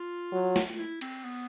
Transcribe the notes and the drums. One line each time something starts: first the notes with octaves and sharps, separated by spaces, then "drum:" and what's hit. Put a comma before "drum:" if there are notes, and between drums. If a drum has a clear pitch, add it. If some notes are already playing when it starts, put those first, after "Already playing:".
Already playing: F4
F#3
drum: snare
E4
C4, drum: cymbal
B3